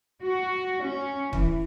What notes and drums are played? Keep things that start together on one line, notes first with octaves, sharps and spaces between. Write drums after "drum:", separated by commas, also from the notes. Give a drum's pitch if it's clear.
F#4
C#4
E3, drum: kick